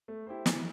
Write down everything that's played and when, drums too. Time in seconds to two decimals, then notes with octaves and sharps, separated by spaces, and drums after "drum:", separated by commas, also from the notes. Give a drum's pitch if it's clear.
0.08 A3
0.27 E4 G4 C5
0.46 E3, drum: snare